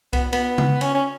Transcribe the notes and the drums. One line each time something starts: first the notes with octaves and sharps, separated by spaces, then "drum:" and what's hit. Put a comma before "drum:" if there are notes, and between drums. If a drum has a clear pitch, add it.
B3, drum: kick C2, cymbal
B3, drum: cymbal
drum: tom C#3
C#4, drum: cymbal
C#4